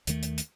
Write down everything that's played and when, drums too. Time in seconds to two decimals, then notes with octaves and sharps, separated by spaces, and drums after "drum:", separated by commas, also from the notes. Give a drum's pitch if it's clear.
0.07 D#2 D#3 A3, drum: hi-hat
0.23 drum: hi-hat
0.38 drum: hi-hat